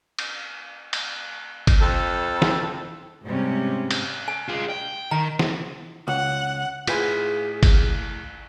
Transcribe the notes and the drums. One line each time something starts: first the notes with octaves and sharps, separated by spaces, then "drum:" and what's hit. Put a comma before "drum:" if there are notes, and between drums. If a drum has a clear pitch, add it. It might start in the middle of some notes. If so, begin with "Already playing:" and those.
drum: cymbal
drum: cymbal
drum: kick G1, cymbal
F2 A4
drum: snare
G#2 C3 G3 C#4
drum: cymbal
G#5
F4 G#4
G5
D#3 A#5
drum: snare
C#2 F#5
A2 F4 G#4 B4 G#5 B6, drum: cymbal
drum: kick G1, cymbal